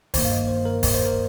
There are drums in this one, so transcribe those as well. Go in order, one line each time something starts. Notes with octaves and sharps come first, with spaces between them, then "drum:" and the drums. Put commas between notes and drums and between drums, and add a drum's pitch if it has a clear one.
G2 D#3 A#3 C5, drum: kick E1, open hi-hat
F5
D#5
C5
A#4
D#5, drum: kick E1, open hi-hat
C5
A#4